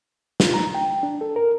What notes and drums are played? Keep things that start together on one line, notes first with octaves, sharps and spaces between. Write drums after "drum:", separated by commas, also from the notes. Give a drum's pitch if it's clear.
F4, drum: snare
A#5
G5
D4
A4
A#4